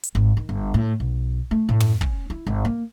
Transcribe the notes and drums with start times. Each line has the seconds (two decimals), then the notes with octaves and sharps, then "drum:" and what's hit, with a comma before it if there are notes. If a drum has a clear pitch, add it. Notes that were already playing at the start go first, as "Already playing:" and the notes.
0.03 drum: hi-hat
0.15 G#1
0.37 D#3
0.49 G1
0.74 A2
1.00 B1
1.51 A3
1.69 A2
1.80 drum: tom
2.01 C#4, drum: kick
2.30 E4
2.47 G#1
2.65 A#3